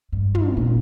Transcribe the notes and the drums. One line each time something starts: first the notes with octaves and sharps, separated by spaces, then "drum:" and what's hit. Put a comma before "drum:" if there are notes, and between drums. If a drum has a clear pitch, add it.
G2
drum: tom
A#2